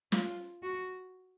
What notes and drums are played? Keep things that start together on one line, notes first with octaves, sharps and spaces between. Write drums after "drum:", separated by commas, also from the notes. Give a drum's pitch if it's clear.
F4, drum: snare
F#4